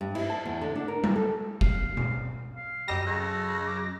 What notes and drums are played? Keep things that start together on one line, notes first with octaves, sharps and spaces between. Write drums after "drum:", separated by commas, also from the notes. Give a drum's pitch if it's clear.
G2
E4, drum: cymbal
A5
E2
D3
D4
A#4
C#3, drum: tom G3
A4
F5, drum: kick
drum: tom B2
F5
F#2 G3 D#5 A#6
C#3 A4
D6